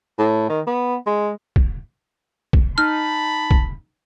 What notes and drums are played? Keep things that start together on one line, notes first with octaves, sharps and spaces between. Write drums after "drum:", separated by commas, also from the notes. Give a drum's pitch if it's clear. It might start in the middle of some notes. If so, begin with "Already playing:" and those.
A2
D#3
B3
G#3
drum: kick
drum: kick
D#4 A5 B5 F6
drum: kick